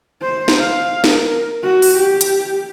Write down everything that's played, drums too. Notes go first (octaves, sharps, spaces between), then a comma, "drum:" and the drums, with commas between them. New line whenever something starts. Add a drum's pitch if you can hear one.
C5
drum: snare
F5
A#4, drum: snare
F#4
drum: open hi-hat
G4
drum: hi-hat